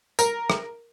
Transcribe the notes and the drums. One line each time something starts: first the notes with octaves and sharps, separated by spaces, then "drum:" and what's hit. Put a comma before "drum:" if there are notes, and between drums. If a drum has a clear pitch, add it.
A#4, drum: tambourine
drum: rim click